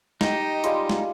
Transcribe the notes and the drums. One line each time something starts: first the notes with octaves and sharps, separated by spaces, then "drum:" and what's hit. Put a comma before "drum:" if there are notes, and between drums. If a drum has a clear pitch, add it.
D#4 G4 D#5, drum: snare
G3 G#3 F4, drum: hi-hat
drum: snare